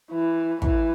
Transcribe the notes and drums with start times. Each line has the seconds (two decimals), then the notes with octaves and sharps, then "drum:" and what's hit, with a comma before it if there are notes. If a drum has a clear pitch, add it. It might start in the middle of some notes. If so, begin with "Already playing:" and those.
0.11 E3
0.62 E3, drum: kick